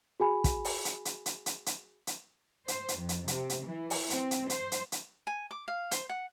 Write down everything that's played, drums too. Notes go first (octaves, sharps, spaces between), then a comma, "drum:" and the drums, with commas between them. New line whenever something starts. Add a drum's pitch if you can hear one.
F#4 G#4 G#5 B5
drum: kick, hi-hat
drum: open hi-hat
drum: hi-hat
drum: hi-hat
drum: hi-hat
drum: hi-hat
drum: hi-hat
drum: hi-hat
C5, drum: hi-hat
drum: hi-hat
F2
drum: hi-hat
C3, drum: hi-hat
drum: hi-hat
E3
drum: open hi-hat
C4, drum: hi-hat
drum: hi-hat
C5, drum: hi-hat
drum: hi-hat
drum: hi-hat
G#5
D6
F5
C5, drum: hi-hat
F#5